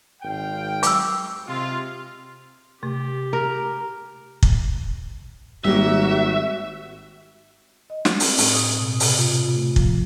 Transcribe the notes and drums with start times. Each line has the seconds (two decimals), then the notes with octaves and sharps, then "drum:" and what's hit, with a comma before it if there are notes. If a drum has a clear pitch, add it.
0.23 G#1 F5 G5
0.83 D6 E6, drum: hi-hat
1.47 C3 G#3 F4
2.83 C3 A3 G4
3.33 A#4
4.43 drum: kick
5.64 G#1 G3 A#3 F#4 E5
7.90 D#5
8.05 drum: snare
8.20 C4, drum: open hi-hat
8.38 A2, drum: open hi-hat
8.54 D#6
8.78 B2
9.00 C3, drum: open hi-hat
9.18 F4
9.36 C3
9.54 A3
9.76 F3, drum: kick